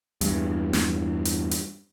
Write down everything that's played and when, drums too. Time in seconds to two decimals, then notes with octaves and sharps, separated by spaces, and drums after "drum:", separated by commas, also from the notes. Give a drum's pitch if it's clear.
0.21 E2 G2, drum: hi-hat
0.73 drum: snare
1.25 drum: hi-hat
1.51 drum: hi-hat